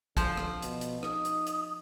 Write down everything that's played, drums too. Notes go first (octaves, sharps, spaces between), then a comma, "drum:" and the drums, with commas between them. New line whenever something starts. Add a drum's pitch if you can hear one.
D3 F3 C5, drum: kick, hi-hat
drum: rim click
B2, drum: hi-hat
drum: hi-hat
D#4 D#6, drum: rim click
drum: hi-hat
drum: hi-hat